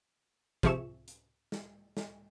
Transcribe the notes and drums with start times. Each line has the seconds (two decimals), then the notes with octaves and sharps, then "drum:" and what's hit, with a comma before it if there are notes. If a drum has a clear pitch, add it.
0.63 C3 F3 G#4 E5 C#6 E7, drum: kick, hi-hat
1.08 drum: hi-hat
1.52 drum: snare
1.97 drum: snare